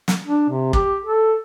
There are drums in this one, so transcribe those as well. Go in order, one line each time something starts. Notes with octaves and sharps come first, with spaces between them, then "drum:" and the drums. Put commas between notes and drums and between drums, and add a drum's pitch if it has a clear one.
drum: snare
D4
C3
G4, drum: kick
A4